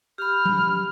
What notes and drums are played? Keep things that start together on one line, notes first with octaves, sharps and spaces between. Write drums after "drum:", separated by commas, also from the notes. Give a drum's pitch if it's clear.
G4 B5 F6
drum: tom F#3